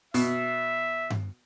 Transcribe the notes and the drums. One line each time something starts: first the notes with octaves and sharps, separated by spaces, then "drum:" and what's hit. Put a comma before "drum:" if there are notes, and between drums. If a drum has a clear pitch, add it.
B2 E5, drum: open hi-hat
drum: tom G2